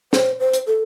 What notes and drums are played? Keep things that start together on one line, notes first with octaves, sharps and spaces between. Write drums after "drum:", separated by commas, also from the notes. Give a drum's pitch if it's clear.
C5, drum: snare
C5
drum: hi-hat
A4